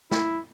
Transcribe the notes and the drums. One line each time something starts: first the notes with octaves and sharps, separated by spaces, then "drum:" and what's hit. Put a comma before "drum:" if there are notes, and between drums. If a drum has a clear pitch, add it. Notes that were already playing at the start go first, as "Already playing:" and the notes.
E4, drum: snare